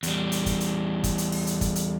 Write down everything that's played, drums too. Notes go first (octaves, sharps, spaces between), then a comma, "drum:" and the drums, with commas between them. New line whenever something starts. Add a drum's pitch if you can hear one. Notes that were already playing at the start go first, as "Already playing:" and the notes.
E2 G3, drum: hi-hat
drum: hi-hat
drum: kick, hi-hat
drum: hi-hat
drum: kick, hi-hat
drum: hi-hat
drum: open hi-hat
drum: hi-hat
drum: kick, hi-hat
drum: hi-hat